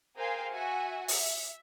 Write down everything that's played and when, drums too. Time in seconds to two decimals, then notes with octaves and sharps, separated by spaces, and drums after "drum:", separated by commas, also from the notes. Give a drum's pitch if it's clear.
0.17 G#4 A#4 C5 F5 G5 G#5
0.53 F#4 E5 F#5 G#5
1.08 E5, drum: open hi-hat